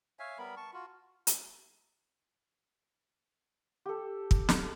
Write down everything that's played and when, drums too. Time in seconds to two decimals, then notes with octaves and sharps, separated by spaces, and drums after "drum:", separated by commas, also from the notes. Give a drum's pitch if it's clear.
0.19 C#5 E5 F5 G#5
0.38 G3 B3 A#4 B5
0.57 A5 C#6
0.73 F4 F#4
1.27 drum: hi-hat
3.86 G4 A4
4.31 drum: kick
4.49 drum: snare